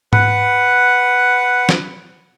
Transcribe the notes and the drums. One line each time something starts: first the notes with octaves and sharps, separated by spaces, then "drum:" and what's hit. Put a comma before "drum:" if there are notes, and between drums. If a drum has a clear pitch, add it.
B4 F#5, drum: tom G#2
drum: snare